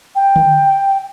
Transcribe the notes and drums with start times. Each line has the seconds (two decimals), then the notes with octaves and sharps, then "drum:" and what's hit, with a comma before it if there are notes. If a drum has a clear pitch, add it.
0.15 G5
0.36 drum: tom D3